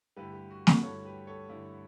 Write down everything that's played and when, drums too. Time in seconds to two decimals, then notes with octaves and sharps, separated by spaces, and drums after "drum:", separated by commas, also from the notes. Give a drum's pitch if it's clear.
0.16 G2 D3 A3 E4 G4 B4
0.33 G4
0.51 F#4
0.67 F#4 A4, drum: snare
0.83 G2 D3 A3 E4 A4 C#5
1.05 G4 B4
1.27 A4 C#5
1.49 G2 D3 A3 E4